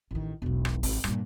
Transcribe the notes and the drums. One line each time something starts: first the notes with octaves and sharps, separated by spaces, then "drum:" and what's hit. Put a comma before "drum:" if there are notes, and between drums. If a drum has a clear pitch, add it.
A1 D#3
E1 B1
drum: rim click
G#1, drum: open hi-hat
G2 A#2, drum: rim click